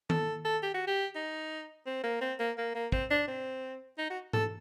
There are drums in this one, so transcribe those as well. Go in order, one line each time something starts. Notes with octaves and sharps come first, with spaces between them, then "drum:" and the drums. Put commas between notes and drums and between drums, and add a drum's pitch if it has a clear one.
A4, drum: tom D#3
A4
G4
F#4
G4
D#4
C4
A#3
C4
A#3
A#3
A#3
C4, drum: kick
D4
C4
D#4
F#4
A4, drum: tom G#2